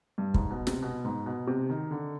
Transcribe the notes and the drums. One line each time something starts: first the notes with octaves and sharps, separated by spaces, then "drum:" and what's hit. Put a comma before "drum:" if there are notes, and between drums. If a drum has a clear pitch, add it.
G2
G#2, drum: kick
B2
C3, drum: snare
B2
G#2
B2
C3
D#3
D3